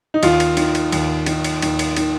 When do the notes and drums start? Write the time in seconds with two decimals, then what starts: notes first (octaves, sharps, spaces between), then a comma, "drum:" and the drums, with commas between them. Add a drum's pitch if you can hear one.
0.14 D#4
0.23 D#2 F4, drum: cymbal
0.40 drum: cymbal
0.57 D#3, drum: cymbal
0.75 drum: cymbal
0.92 D#2, drum: cymbal
1.26 D#3, drum: cymbal
1.44 drum: cymbal
1.62 D#2, drum: cymbal
1.79 drum: cymbal
1.97 D#3, drum: cymbal